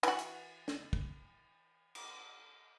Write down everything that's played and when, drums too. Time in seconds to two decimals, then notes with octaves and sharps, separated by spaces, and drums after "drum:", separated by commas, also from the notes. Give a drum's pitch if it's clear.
0.03 E3 F#4, drum: cymbal
0.19 drum: hi-hat
0.68 drum: snare
0.93 drum: kick
1.95 drum: cymbal